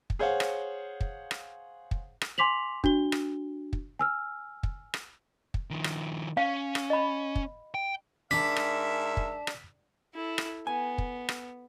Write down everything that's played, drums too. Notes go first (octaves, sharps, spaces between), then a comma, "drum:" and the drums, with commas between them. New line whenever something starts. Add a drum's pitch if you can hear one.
drum: kick
G#4 C5 C#5 F5 F#5
drum: rim click
drum: kick
drum: rim click
drum: kick
drum: rim click
G#5 C6 D6 B6 F7 F#7
D4 F#4 G7, drum: kick
drum: rim click
drum: kick
G#5 E6 F6
drum: kick
drum: rim click
drum: kick
D#3 F3
drum: rim click
C#4 F5
drum: rim click
D#5 B5
drum: kick
G5
G#2 D4 A#4 E5 A5 B6
drum: rim click
drum: kick
drum: rim click
E4 A4
drum: rim click
B3 G#5
drum: kick
drum: rim click